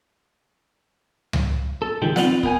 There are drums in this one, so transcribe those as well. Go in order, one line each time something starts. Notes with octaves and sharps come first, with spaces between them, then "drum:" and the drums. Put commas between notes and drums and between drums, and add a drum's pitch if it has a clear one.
drum: tom C#2
A4
C#2 D#3 F3 G#3 G4
C4 F4 B4 D5 F#5, drum: snare
B3 A#4 G5 G#5, drum: kick